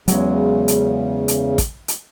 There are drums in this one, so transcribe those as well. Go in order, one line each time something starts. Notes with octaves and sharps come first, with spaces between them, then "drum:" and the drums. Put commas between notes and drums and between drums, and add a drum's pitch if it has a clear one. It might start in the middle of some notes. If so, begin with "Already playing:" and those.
E2 C#3 F#3 G#3, drum: hi-hat
drum: hi-hat
drum: hi-hat
drum: kick, hi-hat
drum: hi-hat